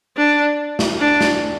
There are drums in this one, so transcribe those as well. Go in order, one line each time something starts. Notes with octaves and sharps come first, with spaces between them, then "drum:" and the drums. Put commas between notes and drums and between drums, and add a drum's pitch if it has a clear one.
D4
drum: snare
D4
drum: snare